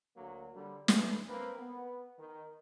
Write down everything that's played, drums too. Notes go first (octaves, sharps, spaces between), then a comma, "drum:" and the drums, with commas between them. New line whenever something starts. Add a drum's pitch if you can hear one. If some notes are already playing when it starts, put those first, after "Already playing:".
D2 F#3 A#3
D3 G3
E3 A3 E4, drum: snare
A#3 C4 B4
B3
D#3